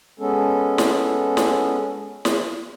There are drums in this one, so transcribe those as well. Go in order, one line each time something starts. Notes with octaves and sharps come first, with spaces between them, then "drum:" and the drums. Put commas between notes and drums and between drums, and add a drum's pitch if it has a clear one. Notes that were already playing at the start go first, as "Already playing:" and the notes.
G#3 B3 C#4 A4
drum: snare
drum: snare
drum: snare